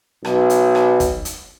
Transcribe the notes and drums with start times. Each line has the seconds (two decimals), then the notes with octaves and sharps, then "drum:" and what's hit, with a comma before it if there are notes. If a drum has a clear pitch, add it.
0.25 B1, drum: rim click
0.50 drum: hi-hat
0.75 drum: rim click
1.00 drum: kick, hi-hat
1.25 drum: hi-hat